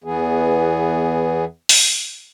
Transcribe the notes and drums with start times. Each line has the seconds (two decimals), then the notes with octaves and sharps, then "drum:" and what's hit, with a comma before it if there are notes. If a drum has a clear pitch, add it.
0.04 E2 E3 B3 G#4
1.69 drum: open hi-hat